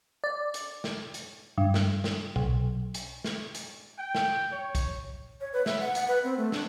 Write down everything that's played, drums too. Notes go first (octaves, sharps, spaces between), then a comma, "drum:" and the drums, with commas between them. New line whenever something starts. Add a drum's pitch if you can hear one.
D5
drum: hi-hat
drum: snare
drum: hi-hat
G2
drum: snare
drum: snare
B1, drum: kick
drum: hi-hat
drum: snare
drum: hi-hat
G5
drum: snare
C#5
drum: kick, hi-hat
C#5
B4
E5, drum: snare
F#5
F#5, drum: hi-hat
B4
C4
A3
D4, drum: snare